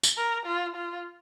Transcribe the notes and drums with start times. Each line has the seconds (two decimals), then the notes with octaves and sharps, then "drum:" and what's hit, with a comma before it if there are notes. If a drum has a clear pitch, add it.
0.03 drum: tambourine
0.17 A#4
0.46 F4
0.76 F4